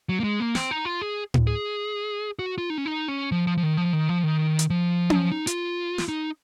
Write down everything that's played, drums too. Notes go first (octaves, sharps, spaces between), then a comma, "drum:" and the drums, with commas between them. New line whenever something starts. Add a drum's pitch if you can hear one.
F#3
A#3
G#3
A#3
C4, drum: snare
D#4
F4
G#4
drum: tom A2
G#4
F#4
F4
D#4
C#4
D#4
C#4
F3
F3
F3
D#3
F3
D#3
F3
D#3
drum: hi-hat
F3
F#3, drum: tom C#4
F3
D#4
F4, drum: hi-hat
drum: snare
D#4